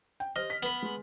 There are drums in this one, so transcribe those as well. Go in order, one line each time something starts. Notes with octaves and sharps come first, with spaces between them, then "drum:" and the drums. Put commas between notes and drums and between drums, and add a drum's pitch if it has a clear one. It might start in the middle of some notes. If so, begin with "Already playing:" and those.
G5
G4 C5 D#5 F6
B6
B3 B4, drum: hi-hat
G#3